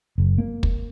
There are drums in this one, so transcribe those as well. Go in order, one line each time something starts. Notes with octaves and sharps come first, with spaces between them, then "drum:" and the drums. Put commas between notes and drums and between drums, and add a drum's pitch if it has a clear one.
F#1
A#3
drum: kick